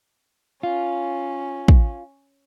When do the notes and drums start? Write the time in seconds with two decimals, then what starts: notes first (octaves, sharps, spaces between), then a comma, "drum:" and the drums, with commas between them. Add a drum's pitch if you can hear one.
0.63 C#4 F4
1.68 drum: kick